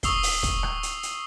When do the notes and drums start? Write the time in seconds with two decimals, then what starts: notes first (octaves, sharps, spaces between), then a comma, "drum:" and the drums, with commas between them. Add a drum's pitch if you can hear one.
0.03 C#6 D#6 E6 C7 G7, drum: kick, hi-hat
0.23 drum: open hi-hat
0.43 drum: kick, hi-hat
0.63 drum: rim click
0.83 drum: hi-hat
1.03 drum: hi-hat